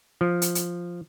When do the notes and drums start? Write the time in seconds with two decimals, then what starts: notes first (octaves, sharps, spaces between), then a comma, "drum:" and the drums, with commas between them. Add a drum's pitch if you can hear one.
0.21 F3
0.42 drum: hi-hat
0.55 drum: hi-hat